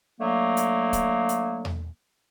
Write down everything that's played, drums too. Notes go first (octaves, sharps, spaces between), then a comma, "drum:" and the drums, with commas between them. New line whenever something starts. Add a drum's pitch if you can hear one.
D3 F#3 A3 A#3
drum: hi-hat
drum: kick C#1, hi-hat
drum: hi-hat
drum: tom E2